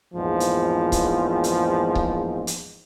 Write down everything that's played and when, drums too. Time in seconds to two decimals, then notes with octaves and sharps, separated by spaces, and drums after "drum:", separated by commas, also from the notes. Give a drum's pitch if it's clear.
0.14 A#1 E2 G#2 F3
0.40 drum: hi-hat
0.92 drum: kick C#1, hi-hat
1.44 drum: hi-hat
1.95 drum: kick C#1
2.47 drum: hi-hat